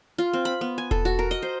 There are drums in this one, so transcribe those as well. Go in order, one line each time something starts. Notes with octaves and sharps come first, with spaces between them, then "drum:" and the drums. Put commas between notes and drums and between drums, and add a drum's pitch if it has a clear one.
F4
C4
B5
B3
G#5
A4, drum: kick E1
F#4
A#4
D#5
C5